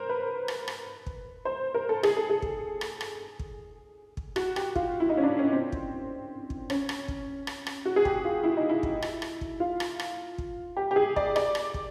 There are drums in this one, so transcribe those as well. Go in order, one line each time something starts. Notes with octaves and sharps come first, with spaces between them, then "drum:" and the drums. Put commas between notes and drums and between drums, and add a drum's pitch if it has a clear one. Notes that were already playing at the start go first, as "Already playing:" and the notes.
Already playing: A#4 C5
B4
drum: rim click
drum: rim click
drum: kick
C5
A#4
A4
G#4, drum: rim click
A4
G#4
drum: kick
drum: rim click
drum: rim click
drum: kick
drum: kick
F#4, drum: rim click
G4, drum: rim click
F4, drum: kick
E4
D#4
C#4
D4
C#4
C4
drum: kick
drum: kick
C#4, drum: rim click
drum: rim click
drum: kick
drum: rim click
drum: rim click
F#4
G#4
G4, drum: kick
F4
E4
D#4
E4
drum: kick
drum: rim click
drum: rim click
drum: kick
F4
drum: rim click
drum: rim click
drum: kick
G4
G4
G#4
D5, drum: kick
D5, drum: rim click
drum: rim click
drum: kick